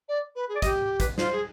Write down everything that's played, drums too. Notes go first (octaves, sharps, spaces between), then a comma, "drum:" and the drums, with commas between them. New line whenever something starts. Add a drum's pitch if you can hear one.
D5
B4
G#4
D5
G4 D#5, drum: kick, hi-hat
B4, drum: kick, hi-hat
F4 C5, drum: snare
G#4